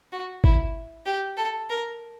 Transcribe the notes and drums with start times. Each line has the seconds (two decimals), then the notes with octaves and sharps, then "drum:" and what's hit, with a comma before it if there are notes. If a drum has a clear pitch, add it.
0.12 F#4
0.44 E4, drum: kick G#1
1.06 G4
1.37 A4
1.70 A#4